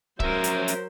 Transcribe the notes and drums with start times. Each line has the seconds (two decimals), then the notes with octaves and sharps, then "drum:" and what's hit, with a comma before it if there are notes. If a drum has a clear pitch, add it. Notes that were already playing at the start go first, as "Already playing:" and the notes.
0.20 F#3 C#4 A#4 C5 E5, drum: kick
0.44 drum: hi-hat
0.68 drum: hi-hat